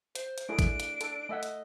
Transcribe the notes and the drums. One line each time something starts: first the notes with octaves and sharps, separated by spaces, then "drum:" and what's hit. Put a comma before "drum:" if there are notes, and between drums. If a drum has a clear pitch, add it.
C5, drum: hi-hat
drum: hi-hat
A3 D4 E4 G#4 D7
drum: kick, hi-hat
drum: hi-hat
A4, drum: hi-hat
A3 D#5 E5 F#5
drum: hi-hat